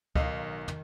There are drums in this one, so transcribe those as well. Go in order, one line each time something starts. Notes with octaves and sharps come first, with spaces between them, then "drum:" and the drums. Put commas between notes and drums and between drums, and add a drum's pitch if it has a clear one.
B1 D#3 D#5 F5, drum: kick C#2
drum: tom